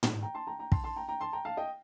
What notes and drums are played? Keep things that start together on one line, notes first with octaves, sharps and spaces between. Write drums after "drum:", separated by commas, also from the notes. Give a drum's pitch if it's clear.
drum: tom
G5 A#5
A5 C6
G5 A#5
G5 A#5
A5 C6, drum: kick
A5 C6
G5 A#5
G5 A#5
A5 C6
G5 A#5
F5 A5
D#5 G5